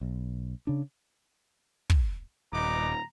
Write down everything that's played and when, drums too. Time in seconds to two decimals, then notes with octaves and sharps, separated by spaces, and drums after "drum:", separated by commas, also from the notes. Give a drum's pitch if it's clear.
0.01 B1
0.67 C#3 D4
1.90 drum: kick
2.53 D#1 B3 D#4 A#5 D6